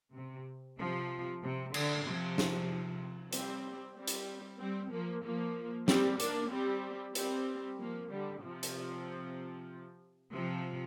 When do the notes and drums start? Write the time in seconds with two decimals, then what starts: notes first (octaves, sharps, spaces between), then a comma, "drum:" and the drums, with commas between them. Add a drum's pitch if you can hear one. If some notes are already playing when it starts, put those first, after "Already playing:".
0.14 C3
0.78 C3 F3
1.42 C3
1.74 D3, drum: cymbal
2.06 C3 F3
2.38 drum: snare
3.33 G3 C4, drum: hi-hat
3.96 G3 C4
4.08 drum: hi-hat
4.60 G3 C4
4.92 F3 A#3
5.24 F3 A#3
5.88 G3 C4, drum: snare
6.20 A#3 D4, drum: hi-hat
6.51 G3 C4
7.15 G3 C4, drum: hi-hat
7.79 F3 A#3
8.11 D3 G3
8.43 C3 F3
8.63 drum: hi-hat
10.33 C3 F3